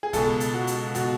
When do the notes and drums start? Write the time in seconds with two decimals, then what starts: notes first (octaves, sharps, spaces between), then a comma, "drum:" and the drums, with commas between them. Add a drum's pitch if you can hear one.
0.03 G#4
0.13 C#2 B2 A4, drum: kick, hi-hat
0.40 drum: hi-hat
0.54 F#4
0.67 drum: hi-hat
0.95 B2 F#4, drum: hi-hat